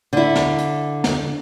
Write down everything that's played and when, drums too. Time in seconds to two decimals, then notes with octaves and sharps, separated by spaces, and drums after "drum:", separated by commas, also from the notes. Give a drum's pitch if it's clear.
0.13 D3 E4
0.35 drum: snare
0.58 drum: hi-hat
1.04 drum: snare